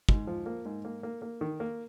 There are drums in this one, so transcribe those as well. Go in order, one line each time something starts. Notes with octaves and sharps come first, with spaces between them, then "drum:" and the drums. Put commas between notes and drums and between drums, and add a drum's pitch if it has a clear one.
G#2, drum: kick
F3
A#3
G#2
A#3
A#3
A#3
D#3
A#3